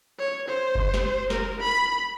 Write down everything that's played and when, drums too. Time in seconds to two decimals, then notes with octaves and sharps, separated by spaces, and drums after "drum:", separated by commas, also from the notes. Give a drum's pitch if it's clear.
0.19 C#5
0.48 C5
0.75 drum: kick F#1
0.94 drum: snare
1.30 A#4, drum: snare
1.60 B5